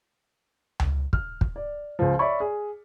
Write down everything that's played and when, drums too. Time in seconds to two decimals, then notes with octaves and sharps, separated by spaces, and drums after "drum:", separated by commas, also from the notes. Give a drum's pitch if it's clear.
0.80 drum: tom C#2
1.13 F6, drum: kick
1.41 drum: kick
1.56 D5
1.99 C#2 F3
2.19 C#5 D5 E5 B5 C#6
2.40 G#4